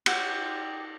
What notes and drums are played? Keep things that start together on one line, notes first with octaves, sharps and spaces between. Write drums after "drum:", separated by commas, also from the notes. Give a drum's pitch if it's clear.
F#4 G4 G5, drum: cymbal